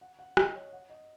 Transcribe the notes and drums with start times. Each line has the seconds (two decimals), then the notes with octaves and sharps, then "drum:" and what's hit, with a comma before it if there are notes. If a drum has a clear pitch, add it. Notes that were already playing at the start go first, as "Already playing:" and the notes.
0.01 F#5
0.19 F#5
0.37 D#5, drum: rim click
0.55 C#5
0.73 F#5
0.89 D#5